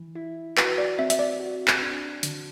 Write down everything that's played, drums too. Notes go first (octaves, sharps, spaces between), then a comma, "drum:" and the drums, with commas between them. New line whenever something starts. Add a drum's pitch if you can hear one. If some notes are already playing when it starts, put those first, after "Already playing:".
Already playing: E3
E4
F#4 B4, drum: clap
D5
C4 E5
E5, drum: hi-hat
D5
F#4
drum: clap
D4
D3, drum: hi-hat